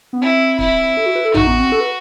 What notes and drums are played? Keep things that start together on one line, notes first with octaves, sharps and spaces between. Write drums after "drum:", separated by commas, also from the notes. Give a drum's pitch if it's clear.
B3
C4 E4
E4, drum: kick
A4
F#4
B4
A4
D#4 F#4, drum: tom A1
B3
C4
A4
B4